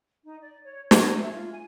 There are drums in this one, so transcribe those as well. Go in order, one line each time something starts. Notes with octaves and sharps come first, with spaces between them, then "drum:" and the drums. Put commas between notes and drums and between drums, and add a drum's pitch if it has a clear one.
D#4
D5
C#5
G#6, drum: snare
E5
F4
G#5